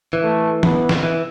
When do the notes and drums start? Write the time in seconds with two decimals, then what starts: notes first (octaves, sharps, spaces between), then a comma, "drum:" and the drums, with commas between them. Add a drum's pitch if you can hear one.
0.13 E3
0.23 A3
0.63 B3, drum: tom
0.89 drum: snare
1.03 E3